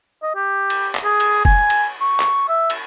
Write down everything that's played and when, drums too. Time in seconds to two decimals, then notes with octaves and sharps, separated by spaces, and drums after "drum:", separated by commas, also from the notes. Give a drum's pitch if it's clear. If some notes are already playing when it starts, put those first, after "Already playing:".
0.23 D#5
0.35 G4
0.70 drum: cymbal
0.95 drum: clap
1.04 G#4
1.20 drum: cymbal
1.45 G#5, drum: kick
1.70 drum: cymbal
2.01 C#6
2.20 drum: clap
2.49 E5
2.70 drum: cymbal